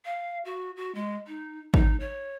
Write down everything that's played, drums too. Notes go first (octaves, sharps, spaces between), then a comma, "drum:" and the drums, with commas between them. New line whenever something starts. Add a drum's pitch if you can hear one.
F5
F#4
F#4
G#3
D#4
D#4, drum: kick G#1
C#5